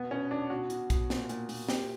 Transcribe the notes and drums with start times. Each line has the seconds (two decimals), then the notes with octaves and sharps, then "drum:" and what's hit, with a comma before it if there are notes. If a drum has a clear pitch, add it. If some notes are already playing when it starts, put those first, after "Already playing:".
Already playing: B2 B3
0.11 B2 C#4
0.31 B2 D4
0.50 B2 F#4
0.70 B2, drum: hi-hat
0.90 B2, drum: kick, hi-hat
1.10 A#2, drum: snare
1.29 A#2, drum: hi-hat
1.49 A#2, drum: open hi-hat
1.69 A#2 G4, drum: snare